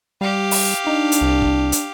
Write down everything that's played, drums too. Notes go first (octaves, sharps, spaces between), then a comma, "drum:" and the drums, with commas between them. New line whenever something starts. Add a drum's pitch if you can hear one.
G3 G4 F5
drum: open hi-hat
D4 D#4
drum: hi-hat
C2
drum: kick
drum: hi-hat